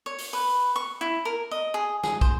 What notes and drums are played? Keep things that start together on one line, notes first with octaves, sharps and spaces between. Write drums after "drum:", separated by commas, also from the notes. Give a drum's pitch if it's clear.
C#5
drum: open hi-hat
B4
C#6
E4
A#4
D#5
G#4
G#4, drum: snare
C5, drum: kick